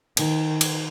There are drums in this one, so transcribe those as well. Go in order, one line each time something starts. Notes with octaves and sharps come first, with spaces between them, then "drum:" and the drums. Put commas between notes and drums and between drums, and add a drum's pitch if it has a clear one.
D#3, drum: cymbal
drum: cymbal